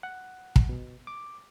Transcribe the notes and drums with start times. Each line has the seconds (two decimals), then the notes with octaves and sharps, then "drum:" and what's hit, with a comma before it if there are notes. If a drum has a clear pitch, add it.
0.03 F#5
0.56 drum: kick
0.69 B2
1.07 D6